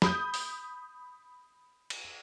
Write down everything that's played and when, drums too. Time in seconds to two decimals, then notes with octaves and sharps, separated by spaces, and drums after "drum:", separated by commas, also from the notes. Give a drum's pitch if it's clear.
0.02 B5 D#6 G6, drum: snare
0.34 drum: open hi-hat
1.90 drum: cymbal